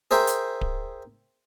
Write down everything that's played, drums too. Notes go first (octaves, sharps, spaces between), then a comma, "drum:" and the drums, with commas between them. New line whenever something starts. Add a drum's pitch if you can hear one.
G#4 A#4 C5 E5 G5
drum: hi-hat
drum: kick D1